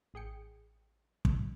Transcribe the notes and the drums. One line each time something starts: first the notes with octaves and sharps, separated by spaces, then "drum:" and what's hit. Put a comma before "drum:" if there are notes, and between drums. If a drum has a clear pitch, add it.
A1 G#4 G5 C#7
drum: kick